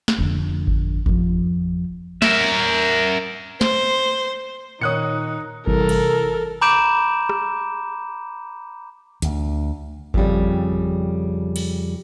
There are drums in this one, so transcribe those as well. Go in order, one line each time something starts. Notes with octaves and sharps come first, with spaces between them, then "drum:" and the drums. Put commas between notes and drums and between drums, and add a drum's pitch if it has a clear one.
drum: snare
F2 D3
drum: kick G#1
F2 F3, drum: kick G#1
A#4 E5, drum: snare
C5, drum: snare
A#2 D#3 D#4 C#5 D#6 F#6 C#7
C3 E3 G3 A4 A#4, drum: kick G#1
drum: cymbal
A#5 B5 D6 G6 D7 E7
drum: rim click
D2, drum: hi-hat
F2 C#3 G3, drum: kick G#1
drum: cymbal